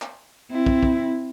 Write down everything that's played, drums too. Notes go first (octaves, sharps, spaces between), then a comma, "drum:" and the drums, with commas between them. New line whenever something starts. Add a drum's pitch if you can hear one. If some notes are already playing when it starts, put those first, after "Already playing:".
drum: clap
C4 E4
drum: kick
drum: kick